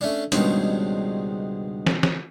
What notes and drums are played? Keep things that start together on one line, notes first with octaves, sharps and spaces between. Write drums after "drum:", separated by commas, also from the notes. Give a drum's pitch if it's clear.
A3 C#4 D4
C#2 G2 B2 D#3 C4 C#5, drum: hi-hat
drum: snare
drum: snare